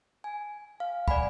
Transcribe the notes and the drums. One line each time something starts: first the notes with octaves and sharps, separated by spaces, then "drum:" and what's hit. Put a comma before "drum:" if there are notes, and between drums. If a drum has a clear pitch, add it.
G#5
F5
D5 F#5 G#5 B5, drum: kick